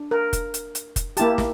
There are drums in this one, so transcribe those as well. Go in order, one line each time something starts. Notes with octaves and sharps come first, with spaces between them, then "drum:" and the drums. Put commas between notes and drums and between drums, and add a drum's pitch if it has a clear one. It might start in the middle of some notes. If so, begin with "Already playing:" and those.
Already playing: D4
A#4
drum: kick F1, hi-hat
drum: hi-hat
drum: hi-hat
drum: kick F1, hi-hat
A#3 E4 G4 A5, drum: hi-hat
drum: snare